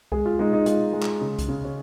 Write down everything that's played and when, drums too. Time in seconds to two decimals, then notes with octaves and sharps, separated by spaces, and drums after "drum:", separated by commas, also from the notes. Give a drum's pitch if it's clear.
0.12 G#3 G#4, drum: kick C2
0.25 F4
0.39 G#3 D#4
0.53 D#4
0.66 G#3 F4, drum: hi-hat
0.93 G#3
1.02 drum: clap
1.21 C#3
1.39 drum: kick C2, hi-hat
1.48 C#3
1.64 C#4